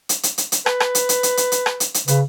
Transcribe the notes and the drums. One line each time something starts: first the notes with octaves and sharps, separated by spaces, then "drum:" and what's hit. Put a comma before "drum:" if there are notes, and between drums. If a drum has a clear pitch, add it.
drum: hi-hat
drum: hi-hat
drum: hi-hat
drum: hi-hat
B4, drum: rim click
drum: rim click
drum: hi-hat
drum: hi-hat
drum: hi-hat
drum: hi-hat
drum: hi-hat
drum: rim click
drum: hi-hat
drum: hi-hat
C#3 B4, drum: hi-hat